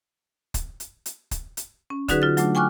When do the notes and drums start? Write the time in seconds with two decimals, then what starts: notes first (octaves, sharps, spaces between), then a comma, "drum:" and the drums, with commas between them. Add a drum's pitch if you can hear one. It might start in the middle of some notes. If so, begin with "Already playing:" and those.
0.54 drum: kick, hi-hat
0.80 drum: hi-hat
1.06 drum: hi-hat
1.31 drum: kick, hi-hat
1.57 drum: hi-hat
1.90 C#4
2.08 D3 F#3 D#4 F#4 G#4 B4, drum: kick, hi-hat
2.22 D3 F4 A6
2.37 F#3 A3 D4, drum: hi-hat
2.55 G5 G#5 C#6 D6 F6 F#6